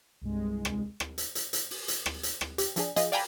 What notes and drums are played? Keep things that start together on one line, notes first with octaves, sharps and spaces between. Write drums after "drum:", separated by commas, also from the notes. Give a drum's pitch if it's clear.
C2 G2 G#3
drum: rim click
drum: rim click
drum: hi-hat
drum: hi-hat
drum: hi-hat
drum: open hi-hat
drum: hi-hat
drum: rim click
drum: hi-hat
drum: rim click
G4, drum: hi-hat
F3 D4 G#4, drum: hi-hat
F3 F4 G#4 D#5, drum: hi-hat
D5 F5 G5 G#5 A#5 B5, drum: open hi-hat